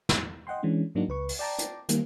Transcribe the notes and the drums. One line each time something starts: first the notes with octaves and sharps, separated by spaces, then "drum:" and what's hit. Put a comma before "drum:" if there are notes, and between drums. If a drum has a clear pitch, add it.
drum: snare
D#5 F#5 G5 C6
E3 G#3 C#4 D4
G#2 F#3 A#3 D4 D#4 F#4
C#2 B4 C#6
drum: open hi-hat
D5 G5 A5 A#5 D6
drum: hi-hat
D#3 G3 A#3, drum: hi-hat